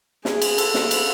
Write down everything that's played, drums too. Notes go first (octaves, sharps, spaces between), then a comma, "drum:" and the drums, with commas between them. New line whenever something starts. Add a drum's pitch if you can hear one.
G#4, drum: snare
drum: cymbal
A4, drum: cymbal
drum: snare
drum: cymbal